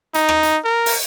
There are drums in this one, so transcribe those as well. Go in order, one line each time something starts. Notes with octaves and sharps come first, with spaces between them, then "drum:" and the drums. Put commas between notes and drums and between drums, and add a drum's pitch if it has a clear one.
D#4, drum: hi-hat
drum: rim click
drum: hi-hat
A#4
drum: open hi-hat